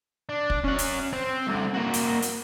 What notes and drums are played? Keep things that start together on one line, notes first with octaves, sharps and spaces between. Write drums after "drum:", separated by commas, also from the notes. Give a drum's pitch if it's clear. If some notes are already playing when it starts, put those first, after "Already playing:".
D4
drum: kick
C#4 F#5
drum: hi-hat
C4
C2 D3
A#3 F#4
drum: hi-hat
drum: hi-hat